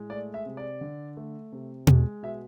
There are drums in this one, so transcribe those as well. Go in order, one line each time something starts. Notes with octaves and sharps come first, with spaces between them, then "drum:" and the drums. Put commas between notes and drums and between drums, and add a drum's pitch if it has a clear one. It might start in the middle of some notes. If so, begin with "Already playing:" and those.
Already playing: A2 G#3
A3 D5
E5
C3
D5
D3
A3
C3
G#3, drum: tom B2
B2 E5